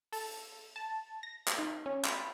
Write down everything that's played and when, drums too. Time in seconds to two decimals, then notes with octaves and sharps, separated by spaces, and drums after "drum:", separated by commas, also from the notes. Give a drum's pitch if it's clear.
0.12 A4, drum: open hi-hat
0.76 A5
1.23 A#6
1.48 drum: clap
1.59 D#4
1.86 C#4
2.05 B5, drum: clap